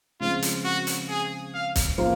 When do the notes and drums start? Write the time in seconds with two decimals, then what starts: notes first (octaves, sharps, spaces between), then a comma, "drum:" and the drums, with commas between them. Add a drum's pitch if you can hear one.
0.20 C#3 F3 G#3 C4 F4
0.42 drum: hi-hat
0.65 F#4
0.87 drum: hi-hat
1.09 G#4
1.54 F5
1.76 drum: kick, hi-hat
1.98 C#3 F3 A#3 F4